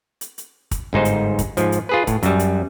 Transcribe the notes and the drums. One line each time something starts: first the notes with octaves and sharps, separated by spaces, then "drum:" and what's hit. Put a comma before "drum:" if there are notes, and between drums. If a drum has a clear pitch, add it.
drum: hi-hat
drum: hi-hat
drum: kick, hi-hat
G1 G#2 D#4 C5
drum: hi-hat
drum: kick, hi-hat
G#2 F3, drum: hi-hat
drum: hi-hat
F4 G#4 B4
A2, drum: kick, hi-hat
F#2 G3, drum: hi-hat
drum: hi-hat